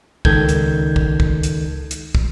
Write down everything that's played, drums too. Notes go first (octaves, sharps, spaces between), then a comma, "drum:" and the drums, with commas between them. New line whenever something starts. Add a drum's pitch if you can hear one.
C#2 D#3 A4 G6 G#6, drum: kick
drum: hi-hat
drum: kick
drum: kick
drum: hi-hat
drum: hi-hat
drum: kick